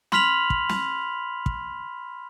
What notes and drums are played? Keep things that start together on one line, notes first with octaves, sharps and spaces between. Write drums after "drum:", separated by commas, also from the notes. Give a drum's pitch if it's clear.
B5 C6 F6 B6 F7 F#7, drum: snare
drum: kick
drum: snare
drum: kick